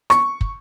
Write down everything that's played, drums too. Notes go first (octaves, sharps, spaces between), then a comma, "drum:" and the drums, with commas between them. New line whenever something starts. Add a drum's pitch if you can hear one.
C#6, drum: rim click
drum: kick